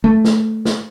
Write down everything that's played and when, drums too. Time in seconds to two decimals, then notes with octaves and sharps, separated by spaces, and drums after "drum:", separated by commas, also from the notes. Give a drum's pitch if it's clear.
0.04 A3
0.24 drum: snare
0.65 drum: snare